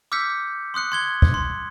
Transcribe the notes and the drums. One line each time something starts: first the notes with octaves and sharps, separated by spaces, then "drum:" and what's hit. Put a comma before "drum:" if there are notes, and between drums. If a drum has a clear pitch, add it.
D6 E6 F6 G6 B6 C#7
C6 D#6 F#6 C#7
C6 G#6 G7
drum: kick
C6